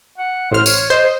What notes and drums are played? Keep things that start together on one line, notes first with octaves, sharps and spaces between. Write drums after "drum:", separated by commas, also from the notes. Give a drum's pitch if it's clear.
F#5
A1 C5 F6
C#5, drum: tambourine
C5 D#5